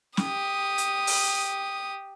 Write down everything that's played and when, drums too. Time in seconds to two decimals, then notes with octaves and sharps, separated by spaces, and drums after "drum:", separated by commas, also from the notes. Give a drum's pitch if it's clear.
0.17 G4 D#6, drum: snare
0.78 drum: hi-hat
1.07 drum: open hi-hat